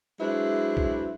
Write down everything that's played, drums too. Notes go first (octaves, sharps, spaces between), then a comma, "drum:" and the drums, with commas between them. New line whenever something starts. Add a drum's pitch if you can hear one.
F#3 G#3 D4 E4 B4 C5
drum: kick B1